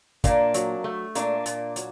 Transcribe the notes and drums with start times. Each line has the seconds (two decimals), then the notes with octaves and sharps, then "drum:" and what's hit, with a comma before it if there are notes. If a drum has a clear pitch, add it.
0.24 A#2 A#3 D4, drum: kick, hi-hat
0.54 F#3, drum: hi-hat
0.84 A3
1.15 A#2 A#3 D4, drum: hi-hat
1.46 A#2, drum: hi-hat
1.76 F#3, drum: hi-hat